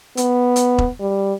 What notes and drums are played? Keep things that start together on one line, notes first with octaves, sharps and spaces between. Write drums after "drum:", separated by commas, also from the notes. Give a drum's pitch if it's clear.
B3, drum: hi-hat
drum: hi-hat
drum: kick E1
G3